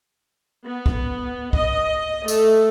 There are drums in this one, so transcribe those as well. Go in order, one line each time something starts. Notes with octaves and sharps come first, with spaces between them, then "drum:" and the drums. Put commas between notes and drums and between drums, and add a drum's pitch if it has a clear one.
B3
drum: kick
D#5, drum: kick
A3, drum: tambourine